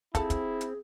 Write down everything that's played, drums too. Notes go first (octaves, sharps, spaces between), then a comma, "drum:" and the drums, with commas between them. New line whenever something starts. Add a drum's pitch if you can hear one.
F3 C4 E4 G#4 A4, drum: kick, hi-hat
drum: kick, hi-hat
drum: hi-hat